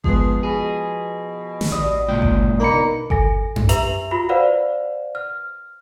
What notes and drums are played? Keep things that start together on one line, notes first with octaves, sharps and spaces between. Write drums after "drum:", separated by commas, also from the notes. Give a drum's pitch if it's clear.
F3 G#3 B3 G#4, drum: kick G1
B2 G#4
drum: snare
A1 D5 D#6
C#2 A#2 G5
drum: kick G1
B2 A#3 D4 D#4 A#5 B5 C#7
A4 G#5 A#6, drum: kick G1
drum: tom F#2
G4 B4 E5 A#5 F7 F#7, drum: hi-hat
F4 F#4 B5
B4 C5 D5 F5 F#5
F6